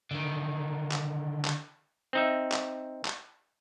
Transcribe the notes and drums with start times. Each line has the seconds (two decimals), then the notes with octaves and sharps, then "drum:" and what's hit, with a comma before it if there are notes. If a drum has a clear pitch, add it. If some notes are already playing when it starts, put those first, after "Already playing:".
0.11 D3 D#3
0.91 drum: clap
1.45 drum: clap
2.13 C4 D#4 E5
2.51 drum: clap
3.05 drum: clap